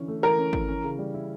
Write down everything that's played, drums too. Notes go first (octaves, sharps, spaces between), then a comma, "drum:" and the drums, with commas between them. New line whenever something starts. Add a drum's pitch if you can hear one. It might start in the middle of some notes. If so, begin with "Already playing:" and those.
Already playing: D3 E3 C#4
A3
E3 A#4
C#4
E3, drum: kick G#1
C#4
C#3
G3
E4